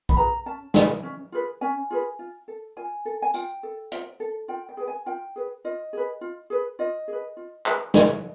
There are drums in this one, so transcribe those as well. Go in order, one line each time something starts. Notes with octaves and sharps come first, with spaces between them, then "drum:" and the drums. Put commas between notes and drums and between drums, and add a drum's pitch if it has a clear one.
B5, drum: kick B1
F4 G#4 B4 A#5
C#4 A5
F4 G#4 B4, drum: snare
C#4
F4 G#4 B4
C#4 G#5
F4 G#4 B4
F4
A4
F4 G#5
A4
G#5
F4 G5, drum: tambourine
A4
F4, drum: hi-hat
A4
F4 G5
G5
G#4 B4
G#5
F4 G5
G#4 B4
F4 D#5
G#4 B4
F4
G#4 B4
F4 D#5
G#4
B4
F4
G#4 B4, drum: clap
F4 C#5, drum: snare